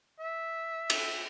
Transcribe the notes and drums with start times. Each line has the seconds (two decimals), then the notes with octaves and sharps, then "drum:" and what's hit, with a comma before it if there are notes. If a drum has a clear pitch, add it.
0.19 E5
0.90 drum: cymbal